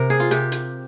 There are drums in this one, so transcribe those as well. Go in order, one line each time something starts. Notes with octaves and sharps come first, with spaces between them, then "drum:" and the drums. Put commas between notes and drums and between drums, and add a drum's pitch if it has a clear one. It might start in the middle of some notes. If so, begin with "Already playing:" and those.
Already playing: C3 A#4
G#4
F4
C3 G4, drum: hi-hat
drum: hi-hat